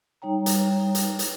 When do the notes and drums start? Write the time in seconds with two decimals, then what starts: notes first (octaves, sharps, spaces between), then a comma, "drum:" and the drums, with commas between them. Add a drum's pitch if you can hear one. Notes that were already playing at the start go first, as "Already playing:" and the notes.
0.22 G3 D#4 C#5 G5 A#5
0.46 drum: hi-hat
0.95 drum: hi-hat
1.19 drum: hi-hat